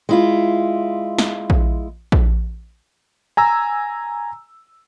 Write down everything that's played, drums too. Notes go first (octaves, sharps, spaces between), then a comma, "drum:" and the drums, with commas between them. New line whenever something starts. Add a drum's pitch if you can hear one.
G#3 E4 F4
drum: snare
drum: kick A#1
drum: kick A#1
G#5 A#5 E6